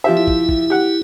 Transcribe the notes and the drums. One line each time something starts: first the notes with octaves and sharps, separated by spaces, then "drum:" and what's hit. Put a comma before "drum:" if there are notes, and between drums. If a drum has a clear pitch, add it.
F3 G4 E5
E4
drum: kick
drum: kick
G4 F#5